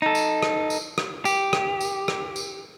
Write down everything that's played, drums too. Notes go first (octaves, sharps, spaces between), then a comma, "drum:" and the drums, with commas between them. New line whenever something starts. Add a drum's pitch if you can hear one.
D#4 A4
drum: tambourine
drum: rim click
drum: tambourine
drum: rim click
G4, drum: tambourine
drum: rim click
drum: tambourine
drum: rim click
drum: tambourine